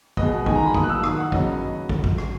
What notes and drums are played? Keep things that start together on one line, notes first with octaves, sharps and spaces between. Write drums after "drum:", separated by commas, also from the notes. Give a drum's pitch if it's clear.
B2 G#3 B3 D#5, drum: kick
D#3 G#3 B3 G#5, drum: kick
A#5
B5
B2 A#3 D#6, drum: kick
F#6
E6
D#3 A#3 D#6, drum: rim click
F#5
C#3 F#3 B3 D#5, drum: kick
drum: kick
drum: kick
drum: rim click